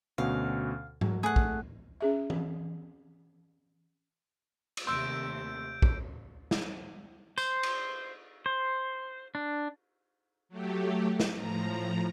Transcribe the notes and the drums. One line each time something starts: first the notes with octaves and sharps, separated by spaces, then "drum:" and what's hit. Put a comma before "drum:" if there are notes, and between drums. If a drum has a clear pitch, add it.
D2 B2 C#4 F5
F#3, drum: tom G#2
A3 G#4 F#5
drum: kick
C#4 G#4 E5
drum: tom E3
drum: cymbal
D#2 C3 A3 C6 E6 G6 D7
drum: kick
drum: snare
C5, drum: tambourine
drum: cymbal
C5
D4
F#3 A3 G4
drum: snare
A2 F3 A#5